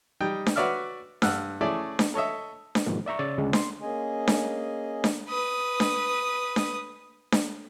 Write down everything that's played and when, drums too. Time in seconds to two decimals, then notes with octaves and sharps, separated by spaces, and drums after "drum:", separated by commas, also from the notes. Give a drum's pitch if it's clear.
0.21 G3 D#4 G5
0.46 drum: snare D4
0.56 F#4 B4 C#5 D5 E5 F6
1.22 G2 F#5 E6 F6, drum: snare D4
1.61 A3 C#4 E4 G#4 D5
1.99 drum: snare D4
2.14 A4 C#5 D#5 E5
2.75 drum: snare D4
2.86 G#2 B2 D#3 F3 A#3
3.06 D5 E5 A#5 C#6
3.19 C#3 C#5 D5 E6 A6
3.38 D2 C#3 G#3 C#4 D4
3.53 C6, drum: snare D4
3.82 A#3 C#4 G#4 D#5 G#5
4.28 drum: snare D4
5.04 drum: snare D4
5.29 B4 D#6
5.80 drum: snare D4
6.56 drum: snare D4
7.32 drum: snare D4